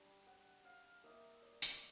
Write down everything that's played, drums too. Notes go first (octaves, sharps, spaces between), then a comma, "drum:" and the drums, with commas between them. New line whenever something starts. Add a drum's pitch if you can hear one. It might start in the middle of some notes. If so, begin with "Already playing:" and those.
Already playing: G3 D4
F#5
F5
A#3 D#4 E5
D5
drum: hi-hat